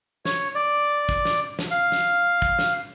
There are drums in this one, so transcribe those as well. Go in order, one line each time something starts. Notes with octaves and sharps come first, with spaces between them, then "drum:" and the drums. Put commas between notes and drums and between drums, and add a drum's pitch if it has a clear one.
C#5, drum: snare
D5
drum: kick
drum: snare
drum: snare
F5
drum: snare
drum: kick
drum: snare